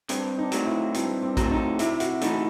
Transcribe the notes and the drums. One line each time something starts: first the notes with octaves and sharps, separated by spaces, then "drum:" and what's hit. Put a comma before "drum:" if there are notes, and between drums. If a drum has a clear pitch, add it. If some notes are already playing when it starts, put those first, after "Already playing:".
G2 C4, drum: hi-hat
D#4
F#3 A3, drum: hi-hat
E4
G2 C4, drum: hi-hat
C4
F#3 A3, drum: kick, hi-hat
D#4
C3 E4, drum: hi-hat
F#4, drum: hi-hat
E3 A3 D#4, drum: hi-hat